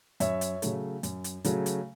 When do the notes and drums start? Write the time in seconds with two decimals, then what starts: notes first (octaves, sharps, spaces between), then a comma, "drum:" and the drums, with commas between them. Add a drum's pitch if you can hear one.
0.20 F#2 C#5 E5, drum: hi-hat
0.41 drum: hi-hat
0.62 C#3 F#3 A3, drum: hi-hat
1.03 F#2, drum: hi-hat
1.24 drum: hi-hat
1.44 C#3 F#3 A3, drum: hi-hat
1.66 drum: hi-hat